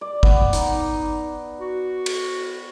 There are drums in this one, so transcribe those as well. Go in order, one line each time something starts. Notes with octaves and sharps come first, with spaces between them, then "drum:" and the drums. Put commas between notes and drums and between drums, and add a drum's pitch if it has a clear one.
D5
B3, drum: kick
D#4, drum: hi-hat
F#4
drum: cymbal